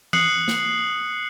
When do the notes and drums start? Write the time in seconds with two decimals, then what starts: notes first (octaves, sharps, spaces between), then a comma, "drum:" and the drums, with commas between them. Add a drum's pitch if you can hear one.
0.13 D#6 F#6 C7 C#7 F#7, drum: tom E3
0.48 drum: snare